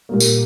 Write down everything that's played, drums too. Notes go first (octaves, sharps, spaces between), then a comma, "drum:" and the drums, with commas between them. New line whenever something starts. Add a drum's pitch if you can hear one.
A#2 G3 A#3
drum: tambourine